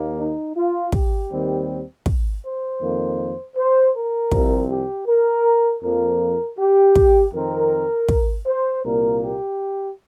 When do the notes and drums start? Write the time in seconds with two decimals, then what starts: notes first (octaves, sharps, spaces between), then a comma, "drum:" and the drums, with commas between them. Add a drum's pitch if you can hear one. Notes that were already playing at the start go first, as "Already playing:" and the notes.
Already playing: D#2 D#3 A#3
0.17 D#4
0.55 F4
0.92 G4, drum: kick
1.31 D#2 D#3 G3 C4
2.06 drum: kick
2.44 C5
2.81 F2 D#3 A#3
3.56 C5
3.94 A#4
4.31 C2 C3 F3 C4, drum: kick
4.70 G4
5.07 A#4
5.82 F2 F3 A#3 A#4
6.58 G4
6.95 drum: kick
7.33 F2 D#3 C4 A#4
8.09 drum: kick
8.46 C5
8.84 C2 A#2 A#3 A#4
9.21 G4